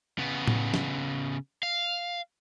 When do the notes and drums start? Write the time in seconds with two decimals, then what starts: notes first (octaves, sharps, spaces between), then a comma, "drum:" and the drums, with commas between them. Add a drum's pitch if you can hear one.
0.18 C#3 B3
0.48 drum: tom A2
0.74 drum: snare
1.63 F5